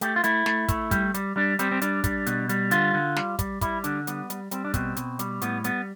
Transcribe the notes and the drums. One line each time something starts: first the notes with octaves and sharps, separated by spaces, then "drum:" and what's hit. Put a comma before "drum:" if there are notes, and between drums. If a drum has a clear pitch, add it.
A3 G4, drum: hi-hat
F4
A3 E4, drum: hi-hat
A3, drum: snare
A3, drum: kick, hi-hat
G3, drum: kick, hi-hat
G3, drum: hi-hat
G3 D4
G3 C4, drum: hi-hat
C4
G3 D4, drum: hi-hat
G3, drum: kick, hi-hat
B2, drum: hi-hat
G3, drum: hi-hat
D3 F4, drum: hi-hat
D3
G3, drum: snare
G3, drum: kick, hi-hat
G3 E4, drum: kick, hi-hat
D3 D4, drum: hi-hat
G3 B3, drum: hi-hat
G3, drum: hi-hat
G3 C4, drum: hi-hat
D4
B2 C4, drum: kick, hi-hat
B2, drum: hi-hat
G3, drum: hi-hat
A2 B3, drum: hi-hat
G3 B3, drum: hi-hat